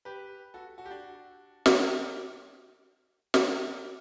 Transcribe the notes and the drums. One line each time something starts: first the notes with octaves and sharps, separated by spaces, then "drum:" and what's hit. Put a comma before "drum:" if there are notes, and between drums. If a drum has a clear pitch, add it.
G4 B4
F#4 A4
F#4 A4
G4
D4 F#4
drum: snare
G4
drum: snare